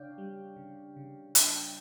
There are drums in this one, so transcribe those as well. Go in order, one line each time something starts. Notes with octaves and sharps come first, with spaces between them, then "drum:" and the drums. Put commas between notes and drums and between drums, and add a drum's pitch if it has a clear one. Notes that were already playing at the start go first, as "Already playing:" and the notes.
Already playing: C#3 D4 C#5 D5 F5 G5
G3
C#3
C#3
D4, drum: hi-hat
A5
G5